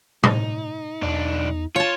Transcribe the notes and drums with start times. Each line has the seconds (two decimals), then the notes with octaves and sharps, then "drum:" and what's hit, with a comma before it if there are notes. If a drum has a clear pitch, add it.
0.23 D#4, drum: tom A2
1.03 B1 E2 D4
1.76 F4 C#5 A5